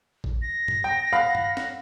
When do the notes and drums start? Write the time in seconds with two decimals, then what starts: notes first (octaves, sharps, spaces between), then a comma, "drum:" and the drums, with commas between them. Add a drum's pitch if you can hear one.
0.24 drum: kick A1
0.42 A#6
0.68 drum: tom G2
0.84 G5
1.13 F5 F#5 B5
1.35 drum: tom G2
1.57 drum: snare